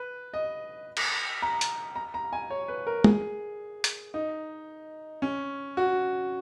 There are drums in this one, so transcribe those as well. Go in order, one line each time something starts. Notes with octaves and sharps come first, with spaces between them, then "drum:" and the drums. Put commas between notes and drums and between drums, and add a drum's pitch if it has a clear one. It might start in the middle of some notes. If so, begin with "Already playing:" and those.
Already playing: B4
D#5
drum: cymbal
A#5
drum: hi-hat
A#5
A#5
G#5
C#5
B4
A#4
G#4, drum: tom
drum: hi-hat
D#4
C#4
F#4